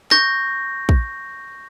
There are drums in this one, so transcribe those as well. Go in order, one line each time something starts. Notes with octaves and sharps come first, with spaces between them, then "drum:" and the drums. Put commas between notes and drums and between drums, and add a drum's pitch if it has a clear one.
C#6 G6 A#6, drum: snare
drum: kick